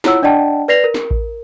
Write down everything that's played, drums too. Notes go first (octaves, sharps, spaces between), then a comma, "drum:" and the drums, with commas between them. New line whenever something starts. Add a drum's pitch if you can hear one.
E4 F4 C#5 F#5 E6, drum: snare
D4 D5 D#5 F#5 G5 A5
B4 D5 A#6 C7 F7
A#4
drum: snare
drum: kick A1